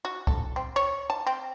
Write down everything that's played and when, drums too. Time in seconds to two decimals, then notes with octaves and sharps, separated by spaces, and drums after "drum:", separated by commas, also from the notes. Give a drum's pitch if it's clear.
0.05 F#4
0.27 A4, drum: kick C2
0.56 C4
0.76 C#5
1.10 A5
1.27 C4